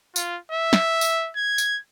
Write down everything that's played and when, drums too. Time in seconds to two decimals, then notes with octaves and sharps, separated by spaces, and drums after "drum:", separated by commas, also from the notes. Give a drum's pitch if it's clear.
0.16 F4, drum: tambourine
0.52 E5
0.73 drum: snare
1.01 drum: tambourine
1.36 G#6
1.58 drum: tambourine